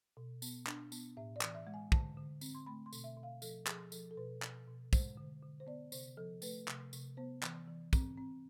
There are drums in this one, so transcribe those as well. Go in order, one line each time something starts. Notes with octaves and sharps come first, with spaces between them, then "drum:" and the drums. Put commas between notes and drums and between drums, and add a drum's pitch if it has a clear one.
B2
B3, drum: tambourine
D4, drum: clap
B3, drum: tambourine
A2 E5
D5
E3, drum: clap
E5
G#3
G#5
D3 A5, drum: kick
D3
C4, drum: tambourine
C6
A3 B5
C6
B2, drum: tambourine
E5
B2
F5
F3 A4, drum: tambourine
F3 G#4, drum: clap
F3 A4, drum: tambourine
A4
B2 B4
B2, drum: clap
B2
G#3 C5, drum: kick, tambourine
D3
D3
C5
B3 D5
C3 C5, drum: tambourine
F3 A4
A3 B4, drum: tambourine
C3, drum: clap
C3, drum: tambourine
B3 C5
E3, drum: clap
E3
C4, drum: kick, tambourine
C4